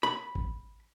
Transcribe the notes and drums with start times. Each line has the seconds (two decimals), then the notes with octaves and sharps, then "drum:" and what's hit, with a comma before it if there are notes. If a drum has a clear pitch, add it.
0.03 B5
0.35 drum: kick G#1